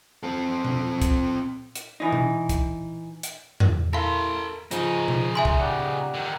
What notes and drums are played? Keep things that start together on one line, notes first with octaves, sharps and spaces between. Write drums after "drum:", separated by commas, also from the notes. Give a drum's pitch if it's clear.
C4 A4
drum: tom B2
drum: kick, hi-hat
drum: hi-hat
E3 D#4
drum: tom B2
drum: kick, hi-hat
drum: hi-hat
drum: tom
E4 A4 A#4 F5 C6 A#6
C#3 F3 D#4, drum: hi-hat
drum: tom B2
E5 G#5 C6
drum: kick
G4 D5 F#5
D3 D#3